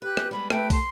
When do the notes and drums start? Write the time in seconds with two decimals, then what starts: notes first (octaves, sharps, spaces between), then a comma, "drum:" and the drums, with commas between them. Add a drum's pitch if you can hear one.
0.02 G4 B4 F#6
0.17 drum: rim click
0.31 G3 G#3 B3 B5
0.50 A3 G4 B4 E5 G5, drum: rim click
0.70 C6, drum: kick, open hi-hat